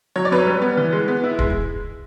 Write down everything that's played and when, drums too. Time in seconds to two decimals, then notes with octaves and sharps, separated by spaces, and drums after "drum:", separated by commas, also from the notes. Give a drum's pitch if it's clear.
0.16 F#3 C#5
0.25 D5
0.31 F#2 B4 C#5
0.47 G3
0.62 B3
0.77 E3
0.93 G#3
1.08 B3
1.24 E4
1.39 G#3, drum: kick D#1